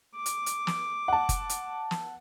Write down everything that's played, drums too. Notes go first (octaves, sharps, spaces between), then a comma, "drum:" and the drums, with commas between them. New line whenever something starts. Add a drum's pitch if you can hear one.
D6
drum: hi-hat
drum: hi-hat
drum: snare
F#5 A5
drum: kick F#1, hi-hat
drum: hi-hat
drum: snare